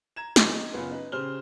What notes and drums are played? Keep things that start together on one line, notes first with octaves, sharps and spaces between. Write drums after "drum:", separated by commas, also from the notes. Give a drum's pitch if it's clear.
A#5 G#6 E7
D#3 F#3 B3 D#5 G#5 C6, drum: snare
D#4
F#1 B3 C#4 F4 G#4 B4
D#4 B4
C#3 G4 C5 F6 G7